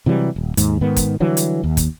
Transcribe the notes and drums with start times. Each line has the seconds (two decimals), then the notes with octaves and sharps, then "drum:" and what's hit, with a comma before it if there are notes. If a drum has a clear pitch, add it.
0.06 C3 E3 F#3 G3
0.36 D#1
0.57 D#2 G#2, drum: hi-hat
0.81 G#2 D#3 B3
0.96 drum: kick, hi-hat
1.20 D3 E3 F#3 G3
1.37 drum: hi-hat
1.64 D#2
1.77 drum: kick, hi-hat